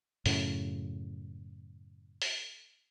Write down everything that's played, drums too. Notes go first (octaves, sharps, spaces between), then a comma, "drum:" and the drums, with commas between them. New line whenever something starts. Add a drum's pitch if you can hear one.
F#2 A2 C#3, drum: open hi-hat
drum: open hi-hat